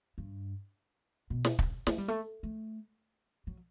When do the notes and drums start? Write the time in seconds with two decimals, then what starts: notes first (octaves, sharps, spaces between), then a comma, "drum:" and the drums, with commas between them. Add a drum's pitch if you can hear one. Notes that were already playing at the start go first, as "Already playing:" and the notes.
0.18 G2
1.30 B2
1.45 drum: snare
1.59 drum: kick
1.87 A3, drum: snare
1.98 G3
2.08 A3
2.43 A3
3.47 F#3